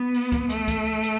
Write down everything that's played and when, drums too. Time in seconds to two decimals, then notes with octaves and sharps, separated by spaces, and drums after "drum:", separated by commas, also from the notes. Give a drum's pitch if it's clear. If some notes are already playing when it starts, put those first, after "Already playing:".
Already playing: B3
0.14 drum: open hi-hat
0.32 drum: kick C2, hi-hat
0.50 A3, drum: hi-hat
0.68 drum: kick C2, hi-hat
0.86 drum: open hi-hat
1.03 drum: hi-hat